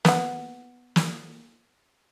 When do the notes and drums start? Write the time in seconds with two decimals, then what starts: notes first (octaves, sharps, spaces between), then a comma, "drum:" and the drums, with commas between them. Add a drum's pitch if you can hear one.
0.05 B3 F#5, drum: snare
0.96 drum: snare